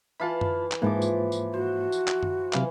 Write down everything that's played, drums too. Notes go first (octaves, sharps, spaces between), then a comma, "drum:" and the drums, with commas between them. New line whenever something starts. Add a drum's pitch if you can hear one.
E3 F4 F5 A5 B5
drum: tom F#2
drum: clap
G#2 E3 F3 A#3 D6
drum: tambourine
drum: tambourine
F#4 C5
drum: tambourine
drum: clap
drum: tom F#2
C3 E3 F#3 F5, drum: clap